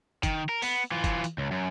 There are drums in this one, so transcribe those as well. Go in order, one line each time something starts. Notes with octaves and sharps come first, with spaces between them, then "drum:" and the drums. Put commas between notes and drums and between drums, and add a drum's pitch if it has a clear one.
D#3, drum: kick, hi-hat
A#4
B3, drum: open hi-hat
E3 F4
drum: kick, hi-hat
drum: hi-hat
C#2
F#2